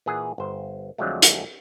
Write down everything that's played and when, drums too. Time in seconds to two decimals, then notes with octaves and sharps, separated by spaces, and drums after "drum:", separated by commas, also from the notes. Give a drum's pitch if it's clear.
0.06 A#2 E3 G#4 F#5 G#5
0.38 G1 C5
0.98 F2 D3 F3 F#3 G#3 A3
1.22 drum: hi-hat